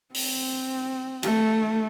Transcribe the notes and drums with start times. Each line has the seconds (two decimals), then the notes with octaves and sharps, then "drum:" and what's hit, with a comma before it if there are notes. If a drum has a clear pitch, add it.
0.14 C4, drum: open hi-hat
1.23 A3, drum: cymbal